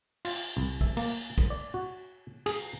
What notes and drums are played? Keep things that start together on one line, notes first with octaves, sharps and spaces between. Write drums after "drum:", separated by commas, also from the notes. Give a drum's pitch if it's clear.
F4, drum: cymbal
C2
E5, drum: kick
A#3, drum: cymbal
drum: kick
D5
F#4
G#4, drum: cymbal